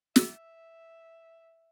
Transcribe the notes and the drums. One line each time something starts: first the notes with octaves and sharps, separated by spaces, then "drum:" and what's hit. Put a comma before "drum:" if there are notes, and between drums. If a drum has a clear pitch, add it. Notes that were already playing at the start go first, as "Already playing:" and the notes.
E5 E6, drum: snare